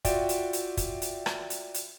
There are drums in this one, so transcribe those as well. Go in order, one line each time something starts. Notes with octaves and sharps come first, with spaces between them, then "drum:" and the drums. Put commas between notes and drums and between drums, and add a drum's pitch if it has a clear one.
F4 F#4 D5 E5 G5, drum: kick, hi-hat
drum: hi-hat
drum: hi-hat
drum: kick, hi-hat
drum: hi-hat
drum: rim click
drum: hi-hat
drum: hi-hat